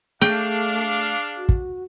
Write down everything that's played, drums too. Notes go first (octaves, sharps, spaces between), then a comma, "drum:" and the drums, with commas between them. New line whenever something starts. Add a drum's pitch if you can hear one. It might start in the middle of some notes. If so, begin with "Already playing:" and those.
A3 D4 G#4 F5 G5, drum: snare
F#4
drum: kick